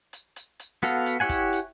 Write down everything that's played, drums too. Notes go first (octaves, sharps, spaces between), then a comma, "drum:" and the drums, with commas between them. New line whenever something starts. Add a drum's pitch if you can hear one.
drum: hi-hat
drum: hi-hat
drum: hi-hat
B3 F#4 A4 F5, drum: hi-hat
drum: hi-hat
E4 G4 C#5 F#5 G#5
drum: kick, hi-hat
drum: hi-hat